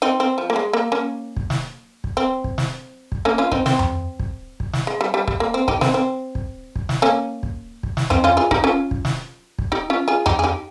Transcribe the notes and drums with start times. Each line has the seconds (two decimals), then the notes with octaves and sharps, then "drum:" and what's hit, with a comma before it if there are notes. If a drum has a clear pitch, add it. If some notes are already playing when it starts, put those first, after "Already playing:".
0.02 C4 D#4
0.20 C4
0.38 F3
0.50 A#3
0.56 G#3
0.73 A#3
0.92 A#3 C#4
1.37 drum: kick
1.50 drum: snare
2.04 drum: kick
2.17 C4
2.44 drum: kick
2.58 drum: snare
3.12 drum: kick
3.25 A#3 C#4
3.38 C#4 F4
3.52 C4 D#4, drum: kick
3.66 C4, drum: snare
3.79 drum: tom F2
4.20 drum: kick
4.60 drum: kick
4.73 drum: snare
4.87 G#3
5.01 G3
5.14 G3
5.28 G3, drum: kick
5.40 A#3
5.54 C4
5.68 D#4 G4, drum: kick
5.81 C4 D#4, drum: snare
5.94 C4
6.35 drum: kick
6.76 drum: kick
6.89 drum: snare
7.02 A#3 C#4
7.43 drum: kick
7.83 drum: kick
7.97 drum: snare
8.10 C4 D#4, drum: tom F2
8.24 C#4 F4
8.37 F4 G#4
8.51 D#4 G4, drum: kick
8.64 C#4 F4
8.91 drum: kick
9.05 drum: snare
9.59 drum: kick
9.72 D#4 G4
9.90 C#4 F4
10.08 F4 G#4
10.26 D#4 G4, drum: tom F2
10.39 G#4
10.44 D#4 G4